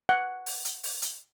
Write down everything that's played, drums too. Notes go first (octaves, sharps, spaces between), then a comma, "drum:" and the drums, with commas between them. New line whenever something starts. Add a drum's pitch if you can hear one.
F#5
drum: open hi-hat
drum: hi-hat
drum: open hi-hat
drum: hi-hat